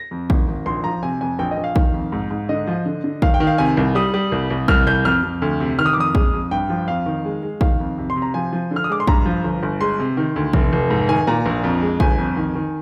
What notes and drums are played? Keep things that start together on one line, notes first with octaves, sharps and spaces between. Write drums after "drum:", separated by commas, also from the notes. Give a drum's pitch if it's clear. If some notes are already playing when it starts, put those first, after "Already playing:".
Already playing: A#6
F2
G#1, drum: kick A#1
G#1
A#1 C6
F3 A#5
C3 G#5
F2 G#5
A#1 G5
D#5
A#1
F5
D#3, drum: kick A#1
F2
G#2
G#2
D3 D#5
F3
D3
D3
D#3 F5, drum: kick A#1
G5
D#3
F5
C3 G#5
C2
G3 D#6
G3
C2
C2
C2 F6, drum: kick A#1
C2 G6
F2 F6
F2
D2
C3
D#3 F6
D#6
D6
F2 D#6
G#3, drum: kick A#1
F2
G2 G5
F3
F2 F5
D#3
G#3
G#3
D#3 F5, drum: kick A#1
F2
C3
C6
C3
A#5
F3 G#5
F3
D3
F6
D#6
G#3 D6
C6
G2 A#5, drum: kick A#1
F3
G1
G1
G#3 C6
C3
D#3
D2
F1, drum: kick A#1
F1
G#2
D#3 G#5
A#2 A#5
A#1
F2
G#3
G1 G#5, drum: kick A#1
F2
D#3
D#3